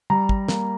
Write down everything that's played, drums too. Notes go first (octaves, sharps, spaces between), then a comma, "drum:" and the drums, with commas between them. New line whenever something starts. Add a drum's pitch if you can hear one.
G3 A#5
drum: kick
A#3, drum: snare